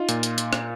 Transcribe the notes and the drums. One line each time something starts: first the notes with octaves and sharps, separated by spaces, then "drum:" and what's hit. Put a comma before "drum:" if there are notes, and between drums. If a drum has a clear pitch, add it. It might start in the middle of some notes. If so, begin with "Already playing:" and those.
Already playing: D#4 F4
A#2, drum: hi-hat
drum: hi-hat
drum: hi-hat
drum: rim click